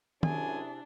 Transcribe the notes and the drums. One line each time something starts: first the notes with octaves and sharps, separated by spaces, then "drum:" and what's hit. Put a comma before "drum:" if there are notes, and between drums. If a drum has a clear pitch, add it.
F#2 C3 D4 E4 G#4 G#5, drum: tom D#3